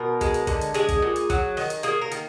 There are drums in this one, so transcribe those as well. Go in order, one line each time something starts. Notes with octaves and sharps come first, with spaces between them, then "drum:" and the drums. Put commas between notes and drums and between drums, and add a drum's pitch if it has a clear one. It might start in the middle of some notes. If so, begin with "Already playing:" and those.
Already playing: B2 A#4
G#3, drum: kick, hi-hat
drum: hi-hat
D3, drum: kick, hi-hat
drum: hi-hat
G#3 G#4, drum: hi-hat
drum: kick, hi-hat
A#2
drum: hi-hat
F#3, drum: kick, hi-hat
D#3, drum: open hi-hat
drum: hi-hat
A#3 G#4, drum: hi-hat
A#4
D#3, drum: hi-hat